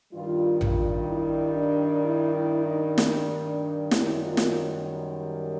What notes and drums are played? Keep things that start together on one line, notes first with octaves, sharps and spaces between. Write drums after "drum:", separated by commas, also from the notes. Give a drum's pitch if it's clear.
G2 D#3 G3 F4
F4, drum: tom A1
E4
D4
E4
E4
D#4
D4, drum: snare
F#2 D#3 G3 E4, drum: snare
F4
drum: snare